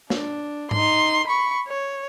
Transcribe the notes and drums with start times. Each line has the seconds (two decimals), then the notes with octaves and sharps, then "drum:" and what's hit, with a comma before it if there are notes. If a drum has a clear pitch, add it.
0.10 D4, drum: snare
0.71 D#4 C6, drum: tom G#2
1.27 B5 C#6
1.68 C#5